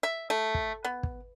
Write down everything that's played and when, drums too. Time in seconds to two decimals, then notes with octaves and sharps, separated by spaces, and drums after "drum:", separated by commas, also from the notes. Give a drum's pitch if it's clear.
0.03 E5
0.30 A3
0.54 drum: kick
0.84 B3
1.03 drum: kick